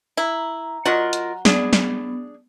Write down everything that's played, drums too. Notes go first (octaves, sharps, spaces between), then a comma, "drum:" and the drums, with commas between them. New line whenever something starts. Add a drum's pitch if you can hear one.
E4 A#5
F#3 F4 A#4 D#5 F#5
drum: hi-hat
B3 D4 G#4, drum: snare
drum: snare